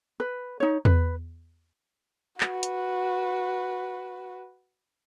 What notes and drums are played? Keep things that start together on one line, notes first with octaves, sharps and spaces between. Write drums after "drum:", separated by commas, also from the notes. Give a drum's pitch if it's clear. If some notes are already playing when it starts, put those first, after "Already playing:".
B4
D#4 C#5
B4, drum: tom E2
F#4 B4, drum: clap
drum: hi-hat